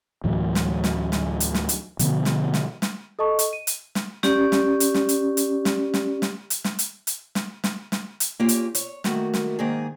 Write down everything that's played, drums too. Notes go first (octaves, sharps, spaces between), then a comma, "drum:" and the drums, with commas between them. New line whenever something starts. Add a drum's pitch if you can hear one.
D2 A2 E3 F#3
drum: snare
drum: snare
drum: snare
drum: hi-hat
drum: snare
drum: hi-hat
B2 D3 F3 B3, drum: hi-hat
drum: snare
drum: snare
drum: snare
A4 D#5 A5 C#6
drum: hi-hat
D#7
drum: hi-hat
drum: snare
C#4 G4 D5, drum: snare
drum: snare
drum: hi-hat
drum: snare
drum: hi-hat
drum: hi-hat
drum: snare
drum: snare
drum: snare
drum: hi-hat
drum: snare
drum: hi-hat
drum: hi-hat
drum: snare
drum: snare
drum: snare
drum: hi-hat
A#3 C#4 F4 G4
drum: hi-hat
C#5, drum: hi-hat
D#3 A3 A#3 F#4, drum: snare
drum: snare
G#2 D#3 A#3 G#4